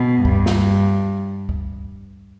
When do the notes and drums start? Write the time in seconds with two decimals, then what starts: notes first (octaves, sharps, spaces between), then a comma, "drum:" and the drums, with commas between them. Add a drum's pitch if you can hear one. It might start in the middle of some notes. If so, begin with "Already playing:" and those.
Already playing: B2
0.25 G2, drum: kick
0.46 drum: snare
1.49 drum: kick